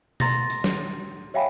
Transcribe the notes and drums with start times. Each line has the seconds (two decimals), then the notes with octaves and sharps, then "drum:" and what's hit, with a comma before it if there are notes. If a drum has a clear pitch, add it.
0.20 A#5 C6 A6 A#6, drum: tom B2
0.50 drum: hi-hat
0.64 drum: snare
1.34 C#5 E5 F5 G5 G#5 B5